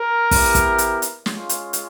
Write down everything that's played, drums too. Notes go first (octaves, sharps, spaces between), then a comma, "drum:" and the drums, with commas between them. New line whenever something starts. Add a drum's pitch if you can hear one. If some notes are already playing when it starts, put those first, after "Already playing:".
Already playing: A#4
B3 E4 G4, drum: kick, open hi-hat
drum: kick, hi-hat
drum: hi-hat
drum: hi-hat
G#3 C#4 F4, drum: snare
drum: hi-hat
drum: hi-hat